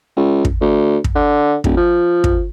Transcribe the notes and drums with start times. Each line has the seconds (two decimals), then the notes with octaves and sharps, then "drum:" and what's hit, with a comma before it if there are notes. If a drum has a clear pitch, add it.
0.16 C#2
0.45 drum: kick
0.61 D2
1.04 drum: kick
1.15 D3
1.64 D#1, drum: kick
1.77 F3
2.24 drum: kick